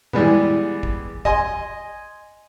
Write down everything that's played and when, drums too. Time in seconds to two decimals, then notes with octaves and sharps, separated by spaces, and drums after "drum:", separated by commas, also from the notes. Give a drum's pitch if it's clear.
0.13 E3 G3 G#3 B3, drum: tom A#2
0.83 drum: kick
1.25 D#5 G#5 C6, drum: kick